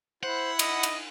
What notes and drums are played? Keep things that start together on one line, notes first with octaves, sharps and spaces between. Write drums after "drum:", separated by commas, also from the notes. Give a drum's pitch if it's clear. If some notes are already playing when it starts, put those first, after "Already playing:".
E4 C5 F#5
D#5, drum: cymbal
drum: cymbal